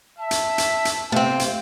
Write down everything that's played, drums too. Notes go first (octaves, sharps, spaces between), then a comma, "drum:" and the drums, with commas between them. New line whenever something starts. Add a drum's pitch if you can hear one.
E5 A5
drum: hi-hat
drum: hi-hat
drum: hi-hat
C3 A3 C4 F5 G5
drum: hi-hat